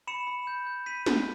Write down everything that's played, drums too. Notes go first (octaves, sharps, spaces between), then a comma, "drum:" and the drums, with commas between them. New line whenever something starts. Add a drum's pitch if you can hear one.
B5 C#7 E7
B5
G6
G6
B5 B6 D#7
B5, drum: snare